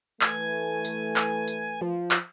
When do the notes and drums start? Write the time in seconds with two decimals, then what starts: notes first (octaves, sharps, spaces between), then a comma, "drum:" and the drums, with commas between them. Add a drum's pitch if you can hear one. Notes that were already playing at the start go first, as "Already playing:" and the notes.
0.21 E3 A3 B4 G#5, drum: clap
0.84 drum: tambourine
1.16 drum: clap
1.48 drum: tambourine
1.81 F3
2.11 drum: clap